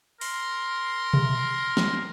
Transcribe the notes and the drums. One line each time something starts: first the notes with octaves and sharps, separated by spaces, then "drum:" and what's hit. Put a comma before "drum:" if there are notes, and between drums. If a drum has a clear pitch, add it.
A#4 C6, drum: open hi-hat
drum: tom B2
drum: snare